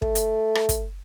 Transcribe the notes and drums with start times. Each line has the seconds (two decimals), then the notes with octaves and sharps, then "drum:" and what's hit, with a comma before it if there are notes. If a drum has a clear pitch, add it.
0.02 A3, drum: kick
0.15 drum: hi-hat
0.55 drum: rim click
0.69 drum: kick, hi-hat